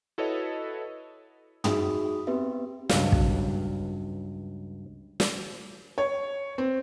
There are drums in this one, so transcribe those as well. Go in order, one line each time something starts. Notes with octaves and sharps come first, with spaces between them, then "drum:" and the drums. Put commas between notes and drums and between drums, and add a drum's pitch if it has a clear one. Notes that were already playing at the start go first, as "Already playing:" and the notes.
E4 F#4 A4 B4 C#5 D#5
D#4 F#4 G#4 E5 B5 D#6, drum: tom
B3 C4 G4 B4 E5
C#2 G2 F#3 F5, drum: snare
drum: kick
drum: snare
C#5
C4